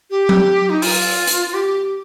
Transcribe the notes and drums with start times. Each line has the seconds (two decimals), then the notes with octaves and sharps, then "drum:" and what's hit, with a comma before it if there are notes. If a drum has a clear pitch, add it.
0.10 G4
0.29 drum: tom F#3
0.70 D#4
0.82 F4, drum: open hi-hat
1.27 drum: hi-hat
1.54 G4